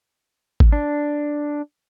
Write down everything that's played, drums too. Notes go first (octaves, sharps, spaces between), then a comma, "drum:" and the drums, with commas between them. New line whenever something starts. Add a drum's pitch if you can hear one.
drum: kick G#1
D4